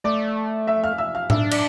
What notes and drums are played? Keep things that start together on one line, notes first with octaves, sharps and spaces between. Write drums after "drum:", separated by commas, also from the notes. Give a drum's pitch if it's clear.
A3 D5 D6
E5 E6
F5 F6
E5 E6
F5 F6
D4 E5 E6, drum: tom A2
D5 D6, drum: cymbal